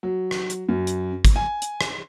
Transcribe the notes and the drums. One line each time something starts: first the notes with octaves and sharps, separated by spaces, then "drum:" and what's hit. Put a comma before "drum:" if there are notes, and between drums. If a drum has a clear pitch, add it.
F#3
drum: rim click
drum: hi-hat
F#2
drum: hi-hat
drum: kick, hi-hat
G#5
drum: hi-hat
drum: rim click